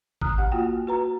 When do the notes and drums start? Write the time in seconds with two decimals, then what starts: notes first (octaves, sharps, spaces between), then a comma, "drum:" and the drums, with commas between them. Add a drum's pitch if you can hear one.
0.21 A#5 D#6 F6 F#6, drum: kick G#1
0.38 G4 F#5
0.51 A#3 F4 F#4 G5
0.87 F#4 B4 A#5